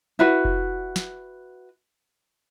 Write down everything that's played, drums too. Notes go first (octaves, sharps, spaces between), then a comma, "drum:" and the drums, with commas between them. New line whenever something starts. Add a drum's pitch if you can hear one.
E4 F#4 B4
drum: kick F1
drum: snare